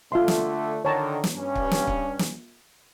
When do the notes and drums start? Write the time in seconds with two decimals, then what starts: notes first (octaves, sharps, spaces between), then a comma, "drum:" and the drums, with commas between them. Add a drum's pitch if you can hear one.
0.12 D3 A3 F4 E5 C6
0.28 drum: snare
0.85 D3 D#3 C#5 A5 A#5
1.24 drum: snare
1.36 G2 C#4
1.55 drum: kick C#1
1.71 drum: snare
1.87 drum: kick C#1
2.19 drum: snare